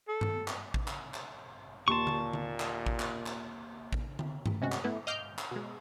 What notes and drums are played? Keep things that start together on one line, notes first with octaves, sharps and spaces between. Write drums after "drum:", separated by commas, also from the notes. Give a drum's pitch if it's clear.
A4
drum: tom G2
drum: clap
drum: kick A1
drum: clap
drum: clap
D#2 A#2 A5 C6 C#6
drum: tom D3
drum: tom D3
drum: clap
drum: kick A1
drum: clap
drum: clap
drum: kick A1
drum: tom D3
drum: tom G2
C3 G#3 C#4 F#4
drum: clap
A3 B3 E4 B4
D#5 F5 D6 F6 G6
drum: clap
B2 G#3